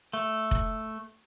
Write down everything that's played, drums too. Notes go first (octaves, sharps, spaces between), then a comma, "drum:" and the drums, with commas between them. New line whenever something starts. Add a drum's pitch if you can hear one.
A3
drum: kick F1